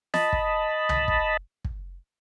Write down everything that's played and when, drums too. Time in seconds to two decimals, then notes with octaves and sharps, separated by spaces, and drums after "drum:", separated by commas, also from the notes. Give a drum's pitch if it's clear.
0.14 D#5 A5 B5, drum: snare
0.33 drum: kick
0.89 drum: tom C2
1.08 drum: kick
1.65 drum: kick